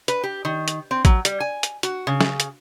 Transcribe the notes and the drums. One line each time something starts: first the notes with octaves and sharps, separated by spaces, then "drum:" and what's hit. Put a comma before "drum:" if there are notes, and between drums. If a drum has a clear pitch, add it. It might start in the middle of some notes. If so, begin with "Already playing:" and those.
B4, drum: hi-hat
G4
D#3
drum: hi-hat
C4
F#3, drum: kick A1, hi-hat
G3, drum: hi-hat
G#5
drum: hi-hat
F#4, drum: hi-hat
C#3
drum: snare
drum: hi-hat